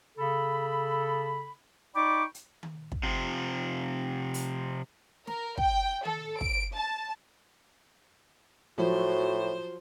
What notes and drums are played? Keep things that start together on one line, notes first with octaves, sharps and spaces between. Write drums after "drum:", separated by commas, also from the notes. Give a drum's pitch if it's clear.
C#3 A4 B5
D#4 D5 G5 B5 C#6 D6
drum: hi-hat
drum: tom D#3
drum: kick
C3 F3
drum: open hi-hat
A#4, drum: snare
G5, drum: kick
A4, drum: tom D#3
D7, drum: kick
A5
A2 F3 F#3 F#4 C5